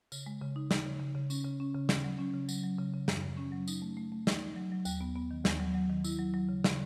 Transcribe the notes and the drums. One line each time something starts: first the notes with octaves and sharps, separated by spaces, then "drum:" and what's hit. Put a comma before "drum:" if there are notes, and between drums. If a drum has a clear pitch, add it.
C#3, drum: tambourine
G#3
C#3
D#4
D#4, drum: snare
C#3
C#3
C#3
C#4, drum: tambourine
C#3
C#4
C#3
C#3, drum: snare
F#3
C#4
C#3
F#3, drum: tambourine
F#3
C#3
C#3
F#2, drum: snare
C#3
C#4
F#3
D#4, drum: tambourine
A3
A3
A3
D#4, drum: snare
D#4
F#3
F#3
D#2, drum: tambourine
B3
B3
D#3
D#2, drum: snare
F#3
F#3
D#3
E4, drum: tambourine
F#3
F#3
C#3
C#3, drum: snare